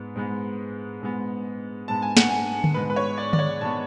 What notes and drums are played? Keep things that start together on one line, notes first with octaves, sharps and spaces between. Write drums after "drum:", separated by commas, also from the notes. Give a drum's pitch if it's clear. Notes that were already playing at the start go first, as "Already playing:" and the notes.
Already playing: G#2 G#3 B3
G#2 G#3 B3
G#2 G#3 B3
G#2 G#3 B3 A5
G#5
F#5, drum: snare
G#5
drum: tom D3
G#2 G#3 B3 B4
B4
C#5
D5
D5, drum: tom D3
C#5
G#2 G#3 B3 A5